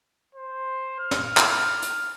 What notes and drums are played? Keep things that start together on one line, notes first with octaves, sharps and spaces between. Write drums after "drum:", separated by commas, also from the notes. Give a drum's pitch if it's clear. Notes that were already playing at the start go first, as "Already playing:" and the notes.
C5
F6
drum: snare
drum: clap
drum: hi-hat